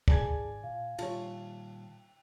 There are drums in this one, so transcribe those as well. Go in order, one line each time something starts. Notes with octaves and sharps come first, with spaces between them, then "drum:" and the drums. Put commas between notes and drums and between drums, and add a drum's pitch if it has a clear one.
G#1 G#4 D5 G#5 A5 G#6, drum: kick
A#2 F5
A#2 D#3 G3 F4 C#5 A5, drum: cymbal